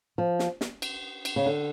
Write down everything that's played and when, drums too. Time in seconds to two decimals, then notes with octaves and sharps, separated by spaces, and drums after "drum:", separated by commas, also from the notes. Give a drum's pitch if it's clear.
0.18 F3
0.39 drum: snare
0.61 drum: snare
0.82 drum: cymbal
1.25 drum: cymbal
1.36 C#3
1.46 D3